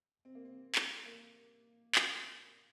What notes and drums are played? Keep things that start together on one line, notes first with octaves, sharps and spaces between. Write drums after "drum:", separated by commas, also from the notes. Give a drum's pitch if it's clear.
C4
A#3
C4
drum: clap
A#3
drum: clap